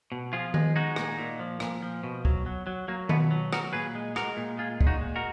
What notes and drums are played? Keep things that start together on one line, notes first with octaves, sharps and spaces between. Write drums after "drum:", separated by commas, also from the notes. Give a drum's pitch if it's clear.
B2
F3 F4 G#4
G#3, drum: tom D#3
G#3 D#4 F#4
A#2, drum: rim click
A#2
F3
A#2, drum: rim click
F3
B2
F#3, drum: kick
F#3
F#3
F#3 A#3
B2 B3, drum: tom D#3
F#3
F#3 F#4 A#4, drum: rim click
A#2 G#4 B4
G#3
G#3 F#4 A#4, drum: rim click
A#2
G#3 F4 G#4
A#2, drum: kick
D#4 F#4
G#3
F#4 A#4